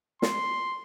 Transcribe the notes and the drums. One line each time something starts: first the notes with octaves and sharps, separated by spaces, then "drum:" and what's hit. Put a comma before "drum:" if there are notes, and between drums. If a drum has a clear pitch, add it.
C6, drum: snare